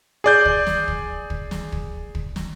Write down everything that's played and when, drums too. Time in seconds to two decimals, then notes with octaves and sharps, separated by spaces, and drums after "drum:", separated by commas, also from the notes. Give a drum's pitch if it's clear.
0.24 G#4 D5 G6
0.45 drum: kick
0.67 drum: snare
0.88 drum: kick
1.30 drum: kick
1.51 drum: snare
1.72 drum: kick
2.15 drum: kick
2.36 drum: snare